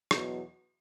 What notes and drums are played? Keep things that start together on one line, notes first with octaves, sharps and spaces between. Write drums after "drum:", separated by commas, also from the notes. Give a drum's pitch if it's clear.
E2 B2 F#3, drum: rim click